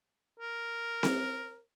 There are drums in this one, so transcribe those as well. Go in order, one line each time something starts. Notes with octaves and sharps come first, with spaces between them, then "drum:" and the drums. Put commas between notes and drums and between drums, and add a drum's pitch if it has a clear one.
A#4
drum: snare C4